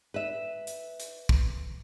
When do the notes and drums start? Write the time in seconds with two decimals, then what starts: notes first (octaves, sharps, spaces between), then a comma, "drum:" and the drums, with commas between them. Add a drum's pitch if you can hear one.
0.14 B4 E5
0.67 drum: hi-hat
1.00 drum: hi-hat
1.29 drum: kick